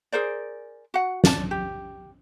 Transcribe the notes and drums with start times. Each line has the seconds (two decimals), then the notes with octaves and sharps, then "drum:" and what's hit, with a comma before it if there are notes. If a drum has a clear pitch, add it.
0.12 G#4 A#4 C5 D5
0.94 F#4 F#5
1.24 D5 A5, drum: snare
1.51 G4